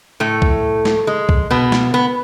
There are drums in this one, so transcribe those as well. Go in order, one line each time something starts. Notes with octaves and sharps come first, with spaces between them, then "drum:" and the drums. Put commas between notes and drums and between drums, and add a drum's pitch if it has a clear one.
A2 A3
drum: kick
drum: snare
G#3
drum: kick
B2 B3
drum: snare
B3